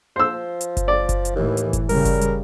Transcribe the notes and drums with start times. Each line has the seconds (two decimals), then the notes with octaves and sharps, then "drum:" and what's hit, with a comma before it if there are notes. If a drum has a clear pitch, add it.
0.16 F3 C5 E6
0.61 drum: hi-hat
0.77 drum: kick F#1, hi-hat
0.88 D5
1.09 drum: kick F#1, hi-hat
1.25 drum: hi-hat
1.36 D#2 A2 E3
1.57 drum: hi-hat
1.73 drum: kick F#1, hi-hat
1.89 C#3 G3 A#4, drum: open hi-hat
2.05 drum: kick F#1, hi-hat
2.21 drum: hi-hat